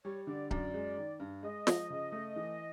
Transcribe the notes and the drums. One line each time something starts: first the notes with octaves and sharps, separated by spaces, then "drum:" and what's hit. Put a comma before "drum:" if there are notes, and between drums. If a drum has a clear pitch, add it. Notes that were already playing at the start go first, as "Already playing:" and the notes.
G3 C#5
D3 D5
F#2 D5, drum: kick C#1
G#3
D#3
G2
G#3 D#5
F3, drum: snare
C#3
A3
E3